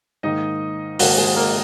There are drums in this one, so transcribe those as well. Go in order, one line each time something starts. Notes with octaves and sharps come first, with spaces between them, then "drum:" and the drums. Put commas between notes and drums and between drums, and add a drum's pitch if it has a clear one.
G#2 D#3 A#3 D#4 D#5
G#2 D#3 A#3 F#4, drum: open hi-hat
G#3 G#4
A#3 A#4